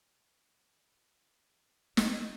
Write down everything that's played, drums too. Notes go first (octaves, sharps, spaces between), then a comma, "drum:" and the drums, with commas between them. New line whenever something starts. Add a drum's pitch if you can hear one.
G3 C4 D#4, drum: snare